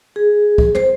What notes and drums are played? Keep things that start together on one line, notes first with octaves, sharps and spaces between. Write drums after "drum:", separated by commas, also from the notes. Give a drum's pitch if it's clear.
G#4
drum: kick C2
C5, drum: tom